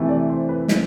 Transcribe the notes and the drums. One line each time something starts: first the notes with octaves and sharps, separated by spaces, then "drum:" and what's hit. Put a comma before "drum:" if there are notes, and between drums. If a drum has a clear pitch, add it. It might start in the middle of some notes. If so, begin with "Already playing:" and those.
Already playing: C3 E3 A3
D5
C5
B4
drum: snare